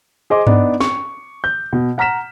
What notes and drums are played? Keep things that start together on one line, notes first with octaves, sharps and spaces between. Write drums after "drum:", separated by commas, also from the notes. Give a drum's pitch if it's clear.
G#4 C5 D#5 C6 D6
B3 D4 D#4, drum: tom G2
C#6, drum: snare
G6
B2
F#5 A#5 F6 B6 E7